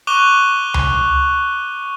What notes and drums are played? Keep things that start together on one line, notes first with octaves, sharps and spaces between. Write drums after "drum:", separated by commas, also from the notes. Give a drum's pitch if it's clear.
C#6 D6 F#6 D#7 F7 G7
drum: tom C#2